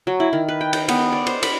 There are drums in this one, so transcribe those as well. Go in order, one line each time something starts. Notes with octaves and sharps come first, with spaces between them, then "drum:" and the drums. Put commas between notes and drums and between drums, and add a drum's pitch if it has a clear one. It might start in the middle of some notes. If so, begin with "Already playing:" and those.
F#3
E4
D#3
B4
G5
G5, drum: cymbal
B3, drum: cymbal
D5
C5, drum: cymbal
B5, drum: cymbal